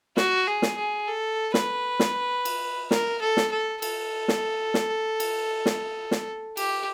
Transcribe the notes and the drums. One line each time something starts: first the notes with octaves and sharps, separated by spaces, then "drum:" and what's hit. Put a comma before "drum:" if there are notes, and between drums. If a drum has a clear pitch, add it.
F#4, drum: snare
G#4
drum: snare
G#4
A4
B4, drum: snare
drum: snare
drum: cymbal
A#4, drum: snare
A4
drum: snare
A4
A4, drum: cymbal
drum: snare
drum: snare
drum: cymbal
drum: snare
drum: snare
G4, drum: cymbal